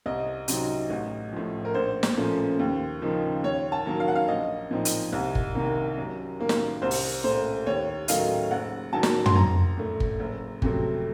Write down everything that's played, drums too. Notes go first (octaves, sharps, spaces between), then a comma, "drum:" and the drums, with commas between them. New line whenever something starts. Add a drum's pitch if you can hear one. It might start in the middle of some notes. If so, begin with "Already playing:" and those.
C2 D#5
C3 F#3 C4 D#4, drum: hi-hat
A1
A2 F3
A#4
A#1 C5
drum: snare
A#2 F3 A3 C#4
D#2
C#3 F3 A#3 D#4
D#2 C#5
A5
D#3 F#3 A#3
F5
F#5
F5
A#1 D#5
A#2 F3 C4 D#4
drum: hi-hat
C2
drum: kick G1
C3 D#3 A#3
F#2
D#3 A#3
drum: snare
C2 C5
drum: open hi-hat
A#2 A3 C5
D#2 C#5
D#3 F#3 A3 D#4 F5, drum: hi-hat
F#1 F#5
F#2 D#3 F#3 A5
drum: snare
C6, drum: tom
A#1 A#5
A2 A3
drum: kick G1
F#1
F2 C3 F#3 A3, drum: kick G1